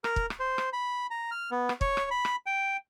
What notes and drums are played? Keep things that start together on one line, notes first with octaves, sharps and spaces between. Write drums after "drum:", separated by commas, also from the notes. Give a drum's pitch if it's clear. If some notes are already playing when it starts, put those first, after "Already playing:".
A#4, drum: rim click
drum: kick
drum: rim click
C5
drum: rim click
B5
A#5
F6
B3
drum: rim click
C#5, drum: kick
drum: rim click
B5
drum: rim click
G5